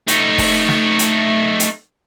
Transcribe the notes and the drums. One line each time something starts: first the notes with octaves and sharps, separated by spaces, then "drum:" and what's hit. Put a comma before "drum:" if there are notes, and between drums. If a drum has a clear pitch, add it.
A3 D#4, drum: hi-hat
drum: kick, open hi-hat
drum: snare
drum: hi-hat
drum: hi-hat